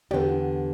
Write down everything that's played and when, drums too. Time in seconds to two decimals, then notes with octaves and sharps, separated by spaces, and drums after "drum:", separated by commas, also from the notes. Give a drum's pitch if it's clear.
0.11 E2 D3 B3 G4, drum: tom